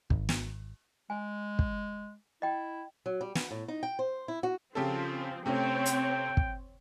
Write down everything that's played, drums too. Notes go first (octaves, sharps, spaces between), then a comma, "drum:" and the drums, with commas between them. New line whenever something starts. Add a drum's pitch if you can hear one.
G#1, drum: kick
drum: snare
G#3 G#5
drum: kick
E4 D#5 G5
F#3
G3
B3, drum: snare
A2
D#4
G5
C5
E4
F#4
C#3 F3 C4 G4 A4
C3 A3 C4 C#4 C#5 G5
drum: hi-hat
drum: kick